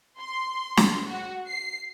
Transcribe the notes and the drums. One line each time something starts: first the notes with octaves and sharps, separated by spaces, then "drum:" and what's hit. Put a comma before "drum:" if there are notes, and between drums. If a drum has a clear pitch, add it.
C6
drum: snare
F#4
C7